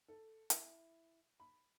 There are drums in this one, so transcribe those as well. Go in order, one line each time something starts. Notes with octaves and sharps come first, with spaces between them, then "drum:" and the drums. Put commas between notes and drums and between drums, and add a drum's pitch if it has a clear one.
A4
E4, drum: hi-hat
B5